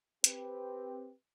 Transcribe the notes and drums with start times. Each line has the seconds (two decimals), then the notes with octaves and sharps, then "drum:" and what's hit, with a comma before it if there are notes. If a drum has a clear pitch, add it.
0.24 C4 G4 B4, drum: hi-hat